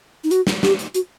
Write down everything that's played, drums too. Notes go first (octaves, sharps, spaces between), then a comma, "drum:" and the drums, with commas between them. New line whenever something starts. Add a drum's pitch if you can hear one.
D#4
F#4, drum: hi-hat
drum: snare
G4, drum: snare
drum: hi-hat
F#4, drum: hi-hat